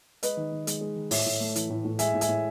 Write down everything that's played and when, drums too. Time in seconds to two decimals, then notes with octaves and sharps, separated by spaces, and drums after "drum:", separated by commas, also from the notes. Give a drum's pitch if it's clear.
0.23 G#3 B4 D#5, drum: hi-hat
0.37 D#3
0.52 D#3
0.67 G#3, drum: hi-hat
0.81 G#3
0.96 D#3
1.11 A2 C#5 E5, drum: open hi-hat
1.26 A2
1.40 A3
1.56 E3, drum: hi-hat
1.70 A2
1.85 A2
1.99 G#3 E5 G#5, drum: hi-hat
2.14 A2
2.21 E5 G#5, drum: hi-hat
2.28 A2